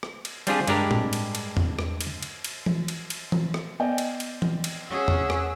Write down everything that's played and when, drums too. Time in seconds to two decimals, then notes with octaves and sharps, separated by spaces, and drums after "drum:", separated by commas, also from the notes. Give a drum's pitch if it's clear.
0.03 drum: rim click
0.25 drum: cymbal
0.47 G3 C4 D4 F4 G4 G#4, drum: cymbal
0.67 G2 G#3 D4 G4 A#4 A#5, drum: cymbal
0.91 drum: tom A2
1.13 drum: cymbal
1.35 drum: cymbal
1.57 drum: tom E2
1.79 drum: rim click
2.01 drum: cymbal
2.22 drum: cymbal
2.44 drum: cymbal
2.66 drum: tom E3
2.88 drum: cymbal
3.10 drum: cymbal
3.32 drum: tom E3
3.54 drum: rim click
3.80 B3 D5 D#5 G5
3.98 drum: cymbal
4.20 drum: cymbal
4.42 drum: tom E3
4.64 drum: cymbal
4.90 C#4 G#4 F#5 E6
5.08 drum: tom E2
5.30 drum: rim click